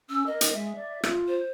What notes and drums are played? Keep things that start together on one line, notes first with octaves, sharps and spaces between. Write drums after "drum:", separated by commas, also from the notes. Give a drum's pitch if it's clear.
C#4 E6
A#4 D#5
drum: hi-hat
G#3 E5
D5
F4, drum: rim click
C5